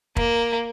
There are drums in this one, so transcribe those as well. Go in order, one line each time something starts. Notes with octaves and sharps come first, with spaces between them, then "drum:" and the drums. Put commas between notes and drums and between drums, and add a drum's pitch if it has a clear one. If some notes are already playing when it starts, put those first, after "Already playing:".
A#3, drum: kick